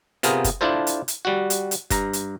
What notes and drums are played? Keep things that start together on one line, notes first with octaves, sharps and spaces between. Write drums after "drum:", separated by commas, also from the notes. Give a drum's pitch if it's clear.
C3 B3 F4 G#4 A#4, drum: hi-hat
drum: kick, hi-hat
D4 E4 F4 A4 C5
drum: hi-hat
drum: hi-hat
G3 F#4
drum: hi-hat
drum: hi-hat
G2 A#5, drum: kick, hi-hat
drum: hi-hat